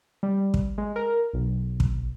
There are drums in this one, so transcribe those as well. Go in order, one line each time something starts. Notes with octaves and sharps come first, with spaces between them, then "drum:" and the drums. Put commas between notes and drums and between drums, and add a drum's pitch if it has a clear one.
G3
drum: kick
G#3
A#4
B1
drum: kick